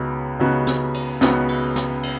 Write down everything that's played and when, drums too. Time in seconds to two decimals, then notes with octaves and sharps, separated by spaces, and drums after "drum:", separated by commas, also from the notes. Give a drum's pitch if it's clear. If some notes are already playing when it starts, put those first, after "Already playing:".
Already playing: C#2 C#3 B3 D#4 F#4
0.40 C#2 C#3 B3 D#4 F#4
0.67 drum: snare
0.94 drum: cymbal
1.21 C#2 C#3 B3 D#4 F#4, drum: snare
1.49 drum: cymbal
1.76 drum: snare
2.03 drum: cymbal